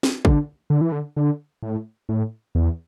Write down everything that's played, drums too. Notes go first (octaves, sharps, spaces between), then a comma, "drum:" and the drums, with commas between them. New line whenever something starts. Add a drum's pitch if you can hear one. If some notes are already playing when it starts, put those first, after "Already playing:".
drum: snare
D3, drum: kick
D3
E3
D3
D3
A2
A2
E2